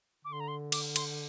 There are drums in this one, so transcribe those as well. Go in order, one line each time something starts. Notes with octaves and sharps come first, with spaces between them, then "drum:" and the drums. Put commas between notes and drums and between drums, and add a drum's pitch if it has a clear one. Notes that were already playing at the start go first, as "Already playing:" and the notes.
D3 D6
C6
A#5
C6
D6, drum: cymbal
C6, drum: cymbal